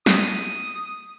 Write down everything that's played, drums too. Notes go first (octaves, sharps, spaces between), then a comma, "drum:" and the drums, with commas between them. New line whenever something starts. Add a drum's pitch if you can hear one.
D#6, drum: snare